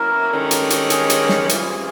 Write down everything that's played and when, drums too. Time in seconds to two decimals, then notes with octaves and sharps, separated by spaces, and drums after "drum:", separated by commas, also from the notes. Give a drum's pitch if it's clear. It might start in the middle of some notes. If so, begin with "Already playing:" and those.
Already playing: B2 F#3 A#3 C#4 E4 A#4
0.31 G2 D#3 G#3 C#4 A4
0.51 drum: hi-hat
0.70 drum: hi-hat
0.90 G#4, drum: hi-hat
1.10 drum: hi-hat
1.29 drum: snare
1.49 E3 G3 C4 F4, drum: hi-hat